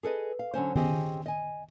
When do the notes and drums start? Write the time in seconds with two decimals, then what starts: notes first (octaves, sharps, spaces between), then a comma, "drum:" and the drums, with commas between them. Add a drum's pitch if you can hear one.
0.03 G#4 A4 B4 D#5
0.39 F5
0.54 D3 F#3 C#4 C5
0.76 C4 C#4 G4 G#4 C5 D#5, drum: tom D#3
1.26 D#5 G#5